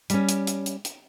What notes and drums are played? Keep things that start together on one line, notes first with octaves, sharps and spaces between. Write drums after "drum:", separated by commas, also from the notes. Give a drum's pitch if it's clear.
G3 C#4, drum: hi-hat
drum: hi-hat
drum: hi-hat
drum: hi-hat
drum: hi-hat